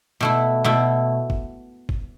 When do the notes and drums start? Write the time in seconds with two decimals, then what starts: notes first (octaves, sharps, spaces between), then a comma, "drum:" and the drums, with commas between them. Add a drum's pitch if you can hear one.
0.20 B2 A3 E4
0.64 B2 A3 E4
1.30 drum: kick
1.89 drum: kick